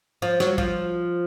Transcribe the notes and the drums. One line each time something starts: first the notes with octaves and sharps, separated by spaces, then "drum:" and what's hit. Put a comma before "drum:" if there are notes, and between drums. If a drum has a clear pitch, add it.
F3
F#3, drum: snare
F3, drum: kick